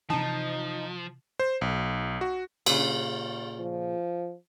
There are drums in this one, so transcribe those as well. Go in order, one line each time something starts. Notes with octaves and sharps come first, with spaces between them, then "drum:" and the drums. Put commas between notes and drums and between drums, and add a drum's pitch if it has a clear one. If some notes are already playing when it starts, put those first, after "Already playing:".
C3 E3 F3 D#4 A5
C5
B1
F#4
A#2 C#3, drum: cymbal
F3